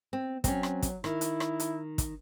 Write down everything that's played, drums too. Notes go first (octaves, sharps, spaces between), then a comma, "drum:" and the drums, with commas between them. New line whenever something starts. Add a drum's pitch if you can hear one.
C4
F#3 C4 C#4, drum: kick, hi-hat
drum: rim click
drum: kick, hi-hat
D#3 E4, drum: rim click
drum: hi-hat
drum: rim click
drum: hi-hat
drum: kick, hi-hat